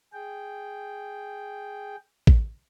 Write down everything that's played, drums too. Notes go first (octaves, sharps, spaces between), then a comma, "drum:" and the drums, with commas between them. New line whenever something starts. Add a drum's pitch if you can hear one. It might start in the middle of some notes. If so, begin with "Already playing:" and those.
G#4 G5
drum: kick A1